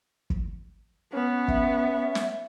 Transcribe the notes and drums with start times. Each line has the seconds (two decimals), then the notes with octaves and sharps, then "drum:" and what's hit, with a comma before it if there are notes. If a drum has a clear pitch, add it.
0.30 drum: kick
1.13 B3 C#4
1.48 E5, drum: kick
2.15 drum: snare